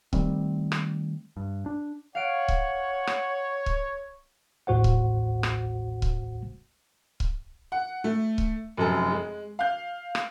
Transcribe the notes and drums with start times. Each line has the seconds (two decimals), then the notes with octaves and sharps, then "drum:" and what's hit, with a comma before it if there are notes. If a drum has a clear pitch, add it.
0.13 D#3 G3 A3 C4, drum: kick C#1
0.72 drum: rim click
1.37 G2
1.66 D4
2.15 C#5 F5 F#5 D7
2.48 drum: kick C#1
3.07 drum: rim click
3.66 drum: kick C#1
4.67 A1 D#2 A2 F#4 C5 F#5
4.84 drum: kick C#1
5.43 drum: rim click
6.02 drum: kick C#1
7.20 drum: kick C#1
7.72 F#5
8.04 A3
8.38 drum: kick C#1
8.77 F1 F#2 A4
9.12 G#3
9.59 F5 G6
10.15 drum: rim click